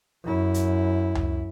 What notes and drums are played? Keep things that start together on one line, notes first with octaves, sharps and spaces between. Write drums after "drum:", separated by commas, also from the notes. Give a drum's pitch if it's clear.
F#2 E4
drum: hi-hat
drum: tom C#2